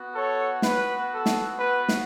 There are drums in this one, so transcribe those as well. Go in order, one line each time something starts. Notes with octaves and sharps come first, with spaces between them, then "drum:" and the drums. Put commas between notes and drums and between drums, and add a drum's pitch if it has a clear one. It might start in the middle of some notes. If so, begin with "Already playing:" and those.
Already playing: B3 F#4
A4 C#5
B4, drum: snare
A4
drum: snare
B4
drum: snare